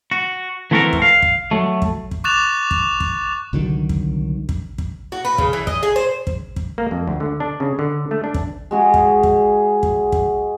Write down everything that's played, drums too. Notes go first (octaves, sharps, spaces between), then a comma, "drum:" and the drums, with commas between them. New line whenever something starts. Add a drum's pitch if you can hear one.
F#4
E3 A3 C4 F#4 A4 A#4
drum: kick
F5
drum: kick
F#3 A3
drum: kick
drum: kick
C#6 D6 F#6 A6 E7 F7
drum: kick
drum: kick
C2 D3 D#3 F#3
drum: kick
drum: kick
drum: kick
F#4
B4
C#3, drum: kick
E3
D#5, drum: kick
G#4
C5
drum: kick
drum: kick
A#3
F2
D2
D3
D4
C#3
D3
A3
D4
drum: kick
G#3 F#4 G#4
drum: kick
drum: kick
drum: kick
drum: kick